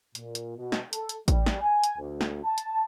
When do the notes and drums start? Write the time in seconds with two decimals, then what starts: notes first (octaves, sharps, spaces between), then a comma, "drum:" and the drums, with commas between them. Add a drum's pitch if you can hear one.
0.15 A#2, drum: hi-hat
0.35 drum: hi-hat
0.57 B2
0.72 drum: snare
0.93 A4, drum: hi-hat
1.09 drum: hi-hat
1.28 G3, drum: kick A1, hi-hat
1.46 drum: snare
1.61 G#5
1.84 drum: hi-hat
1.98 D2
2.21 drum: snare
2.43 A5
2.58 drum: hi-hat